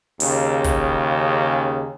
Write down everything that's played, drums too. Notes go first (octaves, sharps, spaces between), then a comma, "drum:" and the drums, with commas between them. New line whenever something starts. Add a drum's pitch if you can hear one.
D#2 C#3, drum: open hi-hat
drum: kick, hi-hat